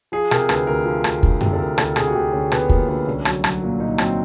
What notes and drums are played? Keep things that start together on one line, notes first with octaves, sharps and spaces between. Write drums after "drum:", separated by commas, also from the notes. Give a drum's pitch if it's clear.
F3 G#4
C3 A#4, drum: rim click
D2 B4, drum: rim click
D2 A#4
F3
D2, drum: rim click
D2, drum: kick
C3, drum: tom F#2
A4
D2 A#4
D2 A4, drum: rim click
C3 G#4, drum: rim click
F#4
D2 G4
D2 C#4
C3 B3, drum: rim click
F3 A#3, drum: kick
D2 B3
C2 C#4
F#3, drum: rim click
F#3, drum: rim click
A#2
A#2 D#4
F#3 C4, drum: rim click